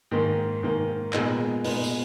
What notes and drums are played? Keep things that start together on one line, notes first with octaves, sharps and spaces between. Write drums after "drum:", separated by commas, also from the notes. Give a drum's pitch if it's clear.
G#2 D#3 A#3
G#2 D#3 A#3
A#2 G#3 B3 D#4 A#4, drum: clap
A#2 G#3 B3 D#4 A#4, drum: open hi-hat
drum: tambourine